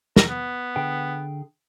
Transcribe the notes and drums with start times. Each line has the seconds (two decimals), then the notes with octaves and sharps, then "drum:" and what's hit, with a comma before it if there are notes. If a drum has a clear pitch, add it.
0.16 A#4, drum: snare
0.30 B3
0.76 D3 G#4 G5